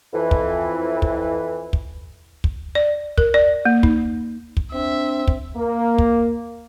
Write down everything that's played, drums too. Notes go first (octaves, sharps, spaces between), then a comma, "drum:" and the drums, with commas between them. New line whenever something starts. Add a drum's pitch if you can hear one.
F2 E3
drum: kick
drum: kick
drum: kick
drum: kick
D5
A#4, drum: kick
D5
A#3
D#4, drum: kick
drum: kick
C4 D4 E5
drum: kick
A#3
drum: kick